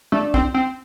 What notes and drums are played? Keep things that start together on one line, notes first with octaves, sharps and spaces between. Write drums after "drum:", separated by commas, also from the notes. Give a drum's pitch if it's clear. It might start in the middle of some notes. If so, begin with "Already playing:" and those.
A3 D4
C4, drum: kick
C4